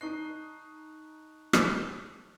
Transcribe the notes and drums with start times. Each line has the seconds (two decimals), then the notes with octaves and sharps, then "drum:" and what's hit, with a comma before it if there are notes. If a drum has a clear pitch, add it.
0.01 D#4 A5 C#6 F#6 C7
1.53 drum: rim click